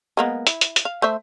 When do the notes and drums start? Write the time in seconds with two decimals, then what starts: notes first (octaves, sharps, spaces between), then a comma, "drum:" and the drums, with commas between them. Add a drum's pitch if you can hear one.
0.17 G#3 A#3 B3
0.47 E4, drum: hi-hat
0.61 drum: hi-hat
0.76 drum: hi-hat
0.85 F5
1.02 A3 C5 E5